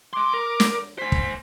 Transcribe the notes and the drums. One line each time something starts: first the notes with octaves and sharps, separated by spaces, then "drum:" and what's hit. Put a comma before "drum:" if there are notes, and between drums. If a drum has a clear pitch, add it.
G#3 C6 D6
A#4
drum: snare
C5 G#5 B6
drum: kick